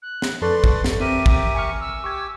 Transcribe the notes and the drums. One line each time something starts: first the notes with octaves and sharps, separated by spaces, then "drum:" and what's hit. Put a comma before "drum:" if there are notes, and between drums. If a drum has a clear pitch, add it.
F#6
drum: snare
F2 A4 B4 D5 C6 C#6 A6
drum: kick
drum: snare
C4 G4 A#4 E5 D#7
drum: kick
G#5 C#6 F6
E6
G4 C#6 D6 G#6